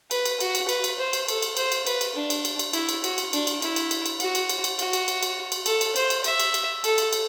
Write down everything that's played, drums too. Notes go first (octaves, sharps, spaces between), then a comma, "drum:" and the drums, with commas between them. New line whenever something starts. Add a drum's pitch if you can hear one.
B4, drum: cymbal
drum: cymbal
F#4, drum: cymbal
drum: cymbal
B4, drum: cymbal
drum: cymbal
C5
drum: cymbal
A4, drum: cymbal
drum: cymbal
C5, drum: cymbal
drum: cymbal
B4, drum: cymbal
drum: cymbal
D4
drum: cymbal
drum: cymbal
drum: cymbal
E4, drum: cymbal
drum: cymbal
F#4, drum: cymbal
drum: cymbal
D4, drum: cymbal
drum: cymbal
E4, drum: cymbal
drum: cymbal
drum: cymbal
drum: cymbal
F#4, drum: cymbal
drum: cymbal
drum: cymbal
drum: cymbal
F#4, drum: cymbal
drum: cymbal
drum: cymbal
drum: cymbal
drum: cymbal
A4, drum: cymbal
drum: cymbal
C5, drum: cymbal
drum: cymbal
E5, drum: cymbal
drum: cymbal
drum: cymbal
A4, drum: cymbal
drum: cymbal
drum: cymbal